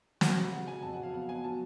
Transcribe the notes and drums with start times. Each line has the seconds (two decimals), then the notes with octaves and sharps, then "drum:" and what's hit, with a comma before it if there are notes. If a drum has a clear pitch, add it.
0.21 F#3 F#5, drum: snare
0.37 C#3
0.52 F#3 F#5
0.67 F#3 G#5
0.82 F2 A5
0.93 F#5
0.98 F#3
1.03 F5
1.13 B3 F#5
1.29 B3 G#5
1.44 F#3 A5